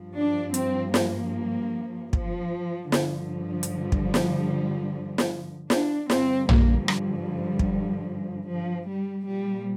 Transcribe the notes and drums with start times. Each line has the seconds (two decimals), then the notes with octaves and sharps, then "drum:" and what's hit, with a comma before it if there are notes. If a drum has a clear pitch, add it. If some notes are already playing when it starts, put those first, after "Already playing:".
Already playing: G2 F3
0.14 D4
0.54 C4, drum: hi-hat
0.94 A#3, drum: snare
2.13 F3, drum: kick
2.92 G2 D3 F3, drum: snare
3.63 drum: hi-hat
3.72 G3
3.92 drum: kick
4.14 drum: snare
5.18 drum: snare
5.70 D4, drum: snare
6.10 G2 D3 F3 C4, drum: snare
6.49 A#3, drum: tom
6.88 G3, drum: rim click
7.59 drum: kick
8.47 F3
8.87 G3
9.26 A#2 F3 G3